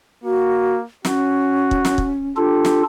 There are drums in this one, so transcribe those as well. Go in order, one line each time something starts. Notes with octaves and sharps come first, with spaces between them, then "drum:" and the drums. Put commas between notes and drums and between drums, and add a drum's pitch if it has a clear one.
A#3 F#4
C#4 F#4, drum: snare
drum: kick
drum: snare
drum: kick
D4 F4 G4 A4
drum: snare